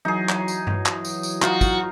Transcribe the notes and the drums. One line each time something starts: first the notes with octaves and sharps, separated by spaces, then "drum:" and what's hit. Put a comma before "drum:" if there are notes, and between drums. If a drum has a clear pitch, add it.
E3 F#3 D#4 G#4
drum: clap
drum: tambourine
drum: tom G2
drum: clap
drum: tambourine
drum: tambourine
D#4 F4 F#4, drum: clap
drum: kick, tambourine